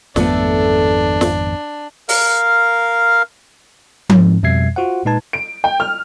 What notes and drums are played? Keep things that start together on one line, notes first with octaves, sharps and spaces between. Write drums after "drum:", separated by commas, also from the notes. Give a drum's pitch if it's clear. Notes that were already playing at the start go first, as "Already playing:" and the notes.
G#1 F2 A3 B3 D4 A4, drum: snare
drum: snare
A#4 F5, drum: open hi-hat
G#2 C4, drum: tom F3
F2 B2 G3 E5 G#6 C7
F4 F#4 C5 F#5
A#2 G#3 D#4 B4 A5 G#6
D7
G5
F6